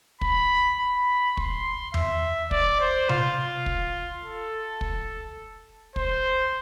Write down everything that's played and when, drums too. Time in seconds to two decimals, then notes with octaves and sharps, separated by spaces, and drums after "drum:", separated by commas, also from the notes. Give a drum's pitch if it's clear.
0.21 B5, drum: kick
0.79 B5
1.37 C6, drum: kick
1.94 E5, drum: tom E2
2.51 D5, drum: kick
2.80 C5
3.09 F4, drum: tom C3
3.66 drum: kick
4.23 A4
4.81 drum: kick
5.96 C5, drum: kick